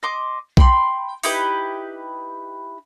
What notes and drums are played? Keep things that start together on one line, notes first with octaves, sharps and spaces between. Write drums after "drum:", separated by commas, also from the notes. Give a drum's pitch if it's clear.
D#5 C6 D6
G5 B5 C6, drum: kick B1
D#4 E4 G4 B4, drum: open hi-hat